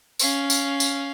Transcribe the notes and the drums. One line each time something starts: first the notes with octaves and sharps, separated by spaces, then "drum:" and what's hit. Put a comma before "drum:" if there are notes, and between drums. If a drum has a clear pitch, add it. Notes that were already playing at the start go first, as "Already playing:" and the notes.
C#4 F5, drum: tambourine
drum: tambourine
drum: tambourine